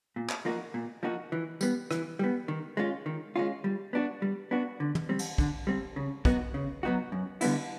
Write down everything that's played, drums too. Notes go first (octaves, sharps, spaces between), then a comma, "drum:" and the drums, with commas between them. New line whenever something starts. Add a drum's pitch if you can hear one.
A#2
drum: clap
F3 A#3 D#4 F#4
A#2
F3 A#3 D#4 F#4
E3
G3 B3, drum: tambourine
E3, drum: rim click
G3 B3
D#3
G#3 C#4 F4
D#3
G#3 C#4 F4
G3
B3 D4 F#4
G3
B3 D4 F#4
D3
drum: tom
G3 C4
drum: cymbal
D3, drum: kick
G3 C4
C#3
F#3 B3 D#4 F#4, drum: kick
C#3
F#3 B3 D#4 F#4
F#2
D3 G3 B3 E4, drum: cymbal